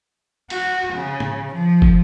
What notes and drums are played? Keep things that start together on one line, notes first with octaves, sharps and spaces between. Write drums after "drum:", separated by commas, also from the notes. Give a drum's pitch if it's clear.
F#4, drum: cymbal
C#3
drum: tom
F3
drum: kick